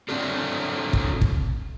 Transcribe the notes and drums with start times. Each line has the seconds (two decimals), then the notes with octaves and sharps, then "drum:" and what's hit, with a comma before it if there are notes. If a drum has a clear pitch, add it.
0.09 C4 D4 F#4 A4
0.93 drum: kick
1.21 drum: kick